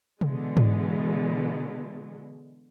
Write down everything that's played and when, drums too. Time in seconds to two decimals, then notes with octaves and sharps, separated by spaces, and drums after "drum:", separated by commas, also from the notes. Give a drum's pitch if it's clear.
0.21 B2 D3 E3 G#3, drum: tom C3
0.57 drum: tom G#2